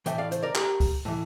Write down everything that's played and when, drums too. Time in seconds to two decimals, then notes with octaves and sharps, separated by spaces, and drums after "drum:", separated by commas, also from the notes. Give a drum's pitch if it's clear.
0.06 A2 E3 E5 G5, drum: hi-hat
0.18 D5 F5
0.32 C5, drum: hi-hat
0.43 A#4 D5
0.55 G4 A#4, drum: clap
0.80 drum: kick, open hi-hat
1.05 A2 E3